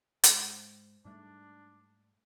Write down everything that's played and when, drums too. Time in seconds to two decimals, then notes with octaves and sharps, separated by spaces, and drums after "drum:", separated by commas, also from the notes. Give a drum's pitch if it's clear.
0.24 G#2 G#3 C5, drum: hi-hat
1.05 G#2 G3 A3 D4